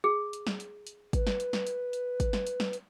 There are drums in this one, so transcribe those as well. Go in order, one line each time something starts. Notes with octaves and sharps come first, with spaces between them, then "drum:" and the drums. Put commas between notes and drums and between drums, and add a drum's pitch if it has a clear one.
G#4
drum: hi-hat
drum: snare
drum: hi-hat
drum: hi-hat
B4, drum: kick, hi-hat
drum: snare
drum: hi-hat
drum: snare
drum: hi-hat
drum: hi-hat
drum: kick, hi-hat
drum: snare
drum: hi-hat
drum: snare
drum: hi-hat